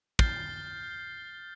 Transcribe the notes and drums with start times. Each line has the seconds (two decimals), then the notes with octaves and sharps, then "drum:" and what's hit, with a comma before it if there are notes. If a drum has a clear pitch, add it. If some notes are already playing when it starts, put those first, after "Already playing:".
0.19 F6 G6 A6 C7 G7, drum: kick